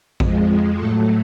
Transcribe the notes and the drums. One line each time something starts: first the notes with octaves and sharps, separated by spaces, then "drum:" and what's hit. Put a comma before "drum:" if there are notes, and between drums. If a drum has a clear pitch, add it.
F2 F3 G#3, drum: kick A1
A2 F#3 A3 A4